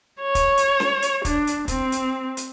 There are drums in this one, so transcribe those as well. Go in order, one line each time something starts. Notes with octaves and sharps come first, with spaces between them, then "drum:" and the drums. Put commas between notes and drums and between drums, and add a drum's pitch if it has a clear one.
C#5
drum: kick, hi-hat
drum: hi-hat
drum: snare C#4
drum: hi-hat
D4, drum: kick, hi-hat
drum: hi-hat
C4, drum: kick, hi-hat
drum: hi-hat
drum: hi-hat